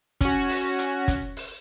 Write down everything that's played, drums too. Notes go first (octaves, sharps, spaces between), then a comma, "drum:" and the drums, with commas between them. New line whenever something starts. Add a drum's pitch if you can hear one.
C#4 F#4, drum: kick, hi-hat
drum: open hi-hat
drum: hi-hat
drum: kick, hi-hat
drum: open hi-hat